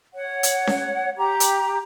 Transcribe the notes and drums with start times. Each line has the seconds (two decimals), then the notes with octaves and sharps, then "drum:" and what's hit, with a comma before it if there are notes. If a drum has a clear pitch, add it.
0.13 C#5 F#5
0.43 drum: hi-hat
0.67 drum: snare C#4
1.16 G4 A#5
1.40 drum: hi-hat